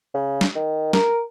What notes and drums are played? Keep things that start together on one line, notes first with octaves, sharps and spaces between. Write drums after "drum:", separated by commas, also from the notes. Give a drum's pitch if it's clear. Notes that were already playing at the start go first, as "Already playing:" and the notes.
C#3
drum: snare
D#3
A#4, drum: snare